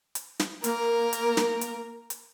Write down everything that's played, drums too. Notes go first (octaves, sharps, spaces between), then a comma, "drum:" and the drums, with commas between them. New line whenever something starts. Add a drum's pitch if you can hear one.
drum: hi-hat
drum: snare
A#3 A#4, drum: hi-hat
drum: hi-hat
drum: snare
drum: hi-hat
drum: hi-hat